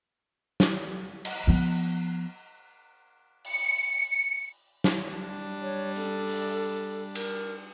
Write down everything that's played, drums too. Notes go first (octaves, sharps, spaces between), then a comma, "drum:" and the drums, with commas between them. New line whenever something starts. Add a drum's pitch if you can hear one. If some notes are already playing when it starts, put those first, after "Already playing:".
drum: snare
drum: cymbal
F3 B3
C#7, drum: open hi-hat
drum: snare
G3 D4
C#5
A4, drum: hi-hat
drum: open hi-hat
A#4, drum: cymbal